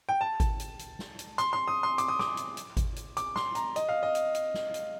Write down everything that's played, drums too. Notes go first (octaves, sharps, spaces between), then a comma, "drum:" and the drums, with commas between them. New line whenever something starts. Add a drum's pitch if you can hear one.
G5
A5
drum: kick G#1, hi-hat
drum: hi-hat
drum: hi-hat
drum: snare
drum: hi-hat
C6, drum: hi-hat
C6
D#6
C6
D6, drum: hi-hat
D#6
D6, drum: snare
drum: hi-hat
drum: hi-hat
drum: kick G#1, hi-hat
drum: hi-hat
D6, drum: hi-hat
C6, drum: snare
A#5, drum: hi-hat
D#5, drum: hi-hat
F5
D#5
drum: hi-hat
drum: hi-hat
drum: snare
drum: hi-hat